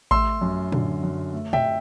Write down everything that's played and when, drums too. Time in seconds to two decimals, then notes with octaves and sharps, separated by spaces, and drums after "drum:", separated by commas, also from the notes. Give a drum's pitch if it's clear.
0.11 A3 C6 E6, drum: kick A1
0.41 F#2
0.72 D3, drum: tom
1.03 F#2
1.33 A3
1.53 E5 G5, drum: tom